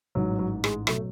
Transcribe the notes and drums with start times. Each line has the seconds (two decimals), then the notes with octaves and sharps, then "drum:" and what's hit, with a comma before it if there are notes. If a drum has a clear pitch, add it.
0.15 A1 G#2 F#3
0.39 F#3
0.64 G#3, drum: rim click
0.87 B2 F#3 A3, drum: rim click